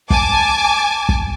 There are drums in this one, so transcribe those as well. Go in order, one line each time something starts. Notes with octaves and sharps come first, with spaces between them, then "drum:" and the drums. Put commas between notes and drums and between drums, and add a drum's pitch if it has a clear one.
G#5 A5 D6, drum: kick
drum: kick